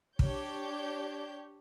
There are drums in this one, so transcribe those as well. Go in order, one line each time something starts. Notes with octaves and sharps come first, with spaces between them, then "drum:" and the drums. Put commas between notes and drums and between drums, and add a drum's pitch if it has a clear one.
D4 G4 C#5 G6, drum: kick